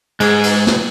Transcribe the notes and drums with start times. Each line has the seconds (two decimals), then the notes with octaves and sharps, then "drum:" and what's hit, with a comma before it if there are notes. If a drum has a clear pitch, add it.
0.20 G#2 G#3 G#4, drum: cymbal
0.44 drum: cymbal
0.67 drum: snare